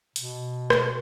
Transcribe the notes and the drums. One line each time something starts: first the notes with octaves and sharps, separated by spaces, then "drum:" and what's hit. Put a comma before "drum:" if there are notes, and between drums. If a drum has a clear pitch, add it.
B2, drum: hi-hat
drum: rim click